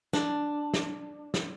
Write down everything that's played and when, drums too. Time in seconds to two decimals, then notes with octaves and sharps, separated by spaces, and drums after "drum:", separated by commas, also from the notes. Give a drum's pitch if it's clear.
0.13 D4, drum: snare
0.74 drum: snare
1.34 drum: snare